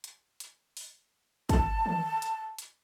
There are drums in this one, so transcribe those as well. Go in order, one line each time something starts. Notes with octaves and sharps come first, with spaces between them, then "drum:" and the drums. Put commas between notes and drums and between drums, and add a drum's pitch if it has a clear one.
drum: hi-hat
drum: hi-hat
drum: open hi-hat
A5, drum: kick, hi-hat
drum: tom D#3
drum: hi-hat
drum: hi-hat